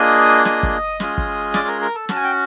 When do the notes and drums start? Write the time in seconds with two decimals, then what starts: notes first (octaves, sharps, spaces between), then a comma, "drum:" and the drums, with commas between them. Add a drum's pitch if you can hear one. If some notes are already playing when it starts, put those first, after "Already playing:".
Already playing: A#3 D4 F4 G#4 D#5 D#6
0.45 D#5 D#6, drum: snare
0.63 drum: kick G1
1.00 G#3 C#4 F4 G#4, drum: snare
1.18 drum: kick G1
1.54 D5 D6, drum: snare
1.68 A#4 A#5
1.81 A#4 A#5
1.95 A4 A5
2.09 C#4 F#4 A5, drum: snare
2.16 G#5
2.24 G5